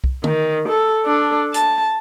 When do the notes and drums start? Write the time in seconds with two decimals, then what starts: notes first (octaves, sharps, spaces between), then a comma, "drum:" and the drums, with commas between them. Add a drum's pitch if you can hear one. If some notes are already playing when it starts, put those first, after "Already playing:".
0.04 drum: kick C2
0.24 D#3, drum: tom D3
0.69 A4
1.06 D4 A4
1.54 A5, drum: hi-hat